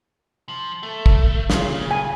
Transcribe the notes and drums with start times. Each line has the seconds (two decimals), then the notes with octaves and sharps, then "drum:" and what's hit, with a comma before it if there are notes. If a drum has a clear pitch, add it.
0.49 F3
0.83 A3
1.06 drum: kick
1.50 A#2 C#3 F4, drum: snare
1.91 G#5